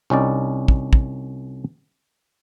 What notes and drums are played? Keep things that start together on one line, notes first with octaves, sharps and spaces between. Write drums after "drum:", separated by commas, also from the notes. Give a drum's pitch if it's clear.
C2 C#4 D#4 D5
drum: kick
drum: kick